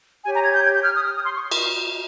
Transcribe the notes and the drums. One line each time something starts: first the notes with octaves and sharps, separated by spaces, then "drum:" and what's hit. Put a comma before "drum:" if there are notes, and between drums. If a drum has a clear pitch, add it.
G4 C#5 G#5
A#5
G#6
G6
G#6
G6
F6
D#6
F6
D#6
C6
C#6
drum: cymbal